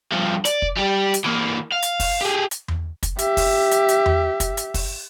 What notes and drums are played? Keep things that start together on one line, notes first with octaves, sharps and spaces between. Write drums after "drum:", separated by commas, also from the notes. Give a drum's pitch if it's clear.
G2 F3
D5, drum: hi-hat
drum: kick
G3 G4
drum: hi-hat
E3 A#3
F5
drum: hi-hat
drum: kick, open hi-hat
G4 G#4
drum: hi-hat
drum: tom E2
drum: kick, hi-hat
G4 E5, drum: hi-hat
drum: kick, open hi-hat
drum: hi-hat
drum: hi-hat
drum: tom E2
drum: kick, hi-hat
drum: hi-hat
drum: kick, open hi-hat